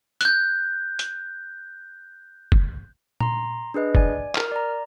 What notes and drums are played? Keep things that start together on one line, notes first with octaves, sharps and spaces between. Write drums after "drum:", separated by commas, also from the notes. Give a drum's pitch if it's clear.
F#6 G6, drum: hi-hat
drum: hi-hat
drum: kick
A#5 C6, drum: tom A#2
D4 G#4 B4 D#5
D5 G#5, drum: kick
A#4 F6, drum: clap
D5 A#5